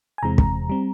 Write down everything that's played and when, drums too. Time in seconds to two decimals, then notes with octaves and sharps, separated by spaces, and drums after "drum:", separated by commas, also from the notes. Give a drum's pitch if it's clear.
0.18 G#5
0.23 E2 C3 E3 G#3 C4 A#5
0.38 drum: kick
0.69 G3 C4